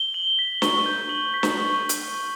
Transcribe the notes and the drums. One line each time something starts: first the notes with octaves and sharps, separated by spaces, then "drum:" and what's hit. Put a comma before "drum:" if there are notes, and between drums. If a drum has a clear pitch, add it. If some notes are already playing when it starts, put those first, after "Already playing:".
Already playing: G7
F#7
B6
C#6, drum: snare
G6
F#7
B6
drum: snare
C#6
drum: hi-hat